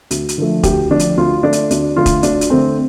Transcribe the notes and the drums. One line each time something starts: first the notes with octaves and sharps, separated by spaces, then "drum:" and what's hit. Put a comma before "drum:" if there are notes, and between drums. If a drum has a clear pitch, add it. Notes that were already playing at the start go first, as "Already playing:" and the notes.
D2, drum: hi-hat
drum: hi-hat
D3 F3 A3
D2 G4, drum: kick, hi-hat
D3 F3 A3 D4
drum: hi-hat
D2 F4
D3 A3 D4
drum: hi-hat
D2 D4, drum: hi-hat
D3 A3 F4
drum: kick, hi-hat
D2 D4, drum: hi-hat
drum: hi-hat
D3 A3 C4